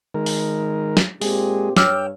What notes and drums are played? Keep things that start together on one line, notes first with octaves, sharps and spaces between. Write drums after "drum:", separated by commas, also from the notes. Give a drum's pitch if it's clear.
D#3 G#3 A#4
drum: open hi-hat
drum: snare
A#2 G#3 C4 G4 G#4, drum: open hi-hat
G2 C#5 G5 D6 E6 F6, drum: snare